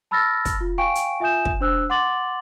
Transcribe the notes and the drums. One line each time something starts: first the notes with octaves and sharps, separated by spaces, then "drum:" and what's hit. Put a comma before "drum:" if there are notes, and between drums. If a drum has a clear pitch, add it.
A5 B5 E6 F6 A6 A#6
drum: kick, hi-hat
F4
F5 G5 G#5 C#6 D7
drum: hi-hat
F4 E5 G#5 D#6 G6 E7
drum: kick
D4 C5 E6 F#6
F#5 C6 D6 A6 F#7